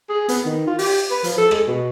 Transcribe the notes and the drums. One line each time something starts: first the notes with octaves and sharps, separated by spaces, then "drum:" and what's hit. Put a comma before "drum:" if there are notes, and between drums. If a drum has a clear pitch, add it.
G#4
B3, drum: hi-hat
D#3
F4
G4, drum: open hi-hat
B4
F3, drum: hi-hat
A4
G#3, drum: rim click
B2